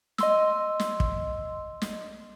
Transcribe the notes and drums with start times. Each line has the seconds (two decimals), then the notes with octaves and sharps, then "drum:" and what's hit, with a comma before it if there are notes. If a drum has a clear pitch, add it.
0.18 D#5 C6 E6, drum: snare
0.80 drum: snare
1.00 drum: kick
1.82 drum: snare